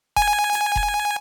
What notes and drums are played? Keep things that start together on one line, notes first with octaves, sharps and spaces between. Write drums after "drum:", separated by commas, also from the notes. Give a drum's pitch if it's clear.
G#5, drum: kick F1
drum: hi-hat
drum: kick F1